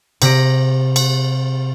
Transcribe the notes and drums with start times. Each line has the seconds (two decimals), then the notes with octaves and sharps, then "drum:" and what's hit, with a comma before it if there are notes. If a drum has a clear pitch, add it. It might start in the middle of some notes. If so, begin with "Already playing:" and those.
0.22 C3 A#6 D7, drum: cymbal
0.96 drum: cymbal